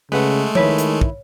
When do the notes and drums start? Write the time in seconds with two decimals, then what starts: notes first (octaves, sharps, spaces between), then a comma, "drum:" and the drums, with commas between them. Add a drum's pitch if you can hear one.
0.12 C#3 G#3 A3 B4 F#5
0.55 D#3 E4 B4 C#5, drum: tom F3
0.78 drum: hi-hat
1.01 drum: kick